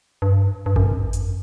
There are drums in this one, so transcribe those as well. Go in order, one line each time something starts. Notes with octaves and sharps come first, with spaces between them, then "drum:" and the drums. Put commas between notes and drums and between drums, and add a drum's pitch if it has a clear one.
G2
G2
F#2, drum: kick G#1
F2
F#2
drum: hi-hat